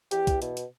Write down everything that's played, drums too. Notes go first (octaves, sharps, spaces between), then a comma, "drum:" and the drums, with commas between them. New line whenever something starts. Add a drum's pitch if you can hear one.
E2 G4, drum: hi-hat
E2, drum: kick, hi-hat
B2, drum: hi-hat
drum: hi-hat